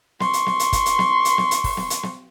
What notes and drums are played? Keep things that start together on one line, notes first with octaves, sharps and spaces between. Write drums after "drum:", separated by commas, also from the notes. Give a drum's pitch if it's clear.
C6 C#6, drum: snare
drum: hi-hat
drum: snare
drum: hi-hat
drum: kick, hi-hat
drum: hi-hat
drum: snare
drum: hi-hat
drum: snare
drum: hi-hat
drum: kick, open hi-hat
drum: snare
drum: hi-hat
drum: snare